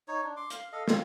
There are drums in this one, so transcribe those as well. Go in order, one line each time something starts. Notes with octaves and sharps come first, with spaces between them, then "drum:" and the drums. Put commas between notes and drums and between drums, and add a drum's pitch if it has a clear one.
D#4 C#5
D4
C6 D6
F5, drum: hi-hat
A4 D#5 F5
C4 F4, drum: snare